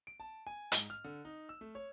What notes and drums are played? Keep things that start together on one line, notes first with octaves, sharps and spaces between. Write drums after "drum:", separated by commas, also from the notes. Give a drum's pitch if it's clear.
D7
A5
G#5
G#2, drum: hi-hat
F6
D3
D#4
E6
A3
C#5